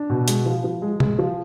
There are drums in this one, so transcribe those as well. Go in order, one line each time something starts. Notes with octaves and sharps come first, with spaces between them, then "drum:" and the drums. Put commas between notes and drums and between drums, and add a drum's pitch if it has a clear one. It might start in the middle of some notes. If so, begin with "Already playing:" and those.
Already playing: D4
B2
G#3, drum: hi-hat
F3
F3
G#3
G#3, drum: tom C3
F3